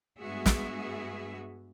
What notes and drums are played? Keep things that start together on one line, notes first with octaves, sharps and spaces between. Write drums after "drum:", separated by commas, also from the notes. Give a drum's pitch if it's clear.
G2 G#3 B3 F#4 G#4 E5
drum: snare